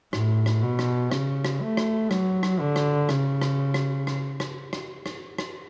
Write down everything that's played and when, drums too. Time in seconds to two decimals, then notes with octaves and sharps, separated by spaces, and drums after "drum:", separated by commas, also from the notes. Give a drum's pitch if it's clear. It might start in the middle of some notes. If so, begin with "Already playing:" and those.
0.13 A2, drum: rim click
0.46 drum: rim click
0.63 B2
0.79 drum: rim click
1.12 C#3, drum: rim click
1.45 drum: rim click
1.61 A3
1.77 drum: rim click
2.11 F#3, drum: rim click
2.43 drum: rim click
2.60 D3
2.76 drum: rim click
3.09 C#3, drum: rim click
3.41 drum: rim click
3.74 drum: rim click
4.07 drum: rim click
4.40 drum: rim click
4.73 drum: rim click
5.06 drum: rim click
5.38 drum: rim click